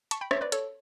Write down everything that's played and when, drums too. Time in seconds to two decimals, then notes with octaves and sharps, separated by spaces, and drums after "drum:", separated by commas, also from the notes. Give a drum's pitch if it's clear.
0.11 A5 C#6, drum: hi-hat
0.21 G5 B5
0.31 C#5 E5, drum: rim click
0.41 B4 D5
0.52 A4 C#5, drum: hi-hat